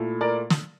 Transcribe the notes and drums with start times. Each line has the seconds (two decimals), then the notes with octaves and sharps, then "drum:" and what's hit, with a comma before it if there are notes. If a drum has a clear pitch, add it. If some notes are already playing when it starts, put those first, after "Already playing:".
Already playing: A#2 A3 E4
0.21 A#4 D5
0.50 drum: snare